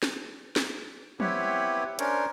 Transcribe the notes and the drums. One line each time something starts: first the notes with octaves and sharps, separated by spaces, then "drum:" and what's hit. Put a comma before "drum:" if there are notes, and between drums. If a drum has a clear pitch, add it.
drum: snare
drum: snare
B3 C4 E4 G4 B4 C#5, drum: tom
C#4 D4 A#4 C5 C#5, drum: hi-hat